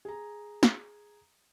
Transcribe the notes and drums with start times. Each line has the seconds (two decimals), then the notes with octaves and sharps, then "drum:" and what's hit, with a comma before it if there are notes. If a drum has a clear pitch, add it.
0.05 G#4 A#5
0.63 drum: snare